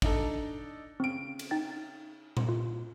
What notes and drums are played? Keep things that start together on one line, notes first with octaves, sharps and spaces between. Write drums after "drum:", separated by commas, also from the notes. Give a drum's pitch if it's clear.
D4 D#4 A4, drum: kick
C#3 C4 D7
drum: cymbal
D#4 G5 A6
drum: tom A#2
F4